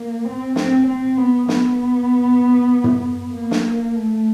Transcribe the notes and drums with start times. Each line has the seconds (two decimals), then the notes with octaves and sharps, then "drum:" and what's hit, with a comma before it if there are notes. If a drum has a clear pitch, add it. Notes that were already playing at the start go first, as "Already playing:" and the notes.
Already playing: A#3
0.25 C4
0.56 C4, drum: snare
0.87 C4
1.18 B3
1.49 B3, drum: snare
2.84 drum: tom
3.33 A#3
3.51 drum: snare
3.95 A3